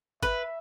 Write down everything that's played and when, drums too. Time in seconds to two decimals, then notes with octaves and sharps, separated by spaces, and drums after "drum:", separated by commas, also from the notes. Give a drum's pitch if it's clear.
0.23 B4 E5, drum: kick